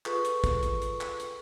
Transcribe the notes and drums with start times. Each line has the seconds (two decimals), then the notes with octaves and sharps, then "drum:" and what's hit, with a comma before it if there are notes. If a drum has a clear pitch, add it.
0.06 F4 G#4 A4 B4 C#6 D#6, drum: clap
0.25 drum: hi-hat
0.44 drum: kick, hi-hat
0.63 drum: hi-hat
0.82 drum: hi-hat
1.01 drum: clap
1.20 drum: hi-hat